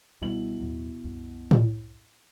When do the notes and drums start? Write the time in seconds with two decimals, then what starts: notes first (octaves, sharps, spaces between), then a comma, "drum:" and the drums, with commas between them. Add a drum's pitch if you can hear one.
0.21 C#2 B2 G3 B3 E4 F#7
0.60 D#2 A2 F#3
1.04 C2 F#2
1.51 drum: tom A2